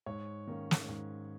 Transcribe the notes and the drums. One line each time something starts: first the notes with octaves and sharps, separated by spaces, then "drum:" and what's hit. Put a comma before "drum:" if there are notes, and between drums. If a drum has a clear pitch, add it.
G#2 C#5
D#3 A#3 C#4
drum: snare
G#2